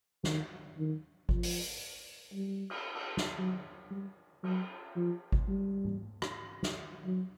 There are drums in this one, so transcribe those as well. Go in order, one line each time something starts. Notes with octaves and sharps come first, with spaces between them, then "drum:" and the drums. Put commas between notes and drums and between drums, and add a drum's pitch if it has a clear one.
D#3, drum: snare
D#3
F3, drum: kick G#1
drum: open hi-hat
G3
drum: cymbal
drum: cymbal
drum: snare
F#3
G3
F#3, drum: cymbal
F3
drum: kick G#1
G3
drum: tom G#2
drum: rim click
drum: snare
F#3